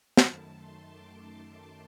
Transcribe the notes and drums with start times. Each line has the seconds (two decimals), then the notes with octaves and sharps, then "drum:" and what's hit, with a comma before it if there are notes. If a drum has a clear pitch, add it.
0.17 F#2 D#3 A3 A5, drum: snare
0.55 C6
0.92 D6
1.28 C6